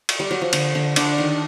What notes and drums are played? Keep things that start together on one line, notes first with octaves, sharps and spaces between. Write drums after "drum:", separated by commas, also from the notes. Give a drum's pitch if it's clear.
drum: cymbal
G3
F#3
F3
D3, drum: cymbal
D3
D3 D4, drum: cymbal
D#3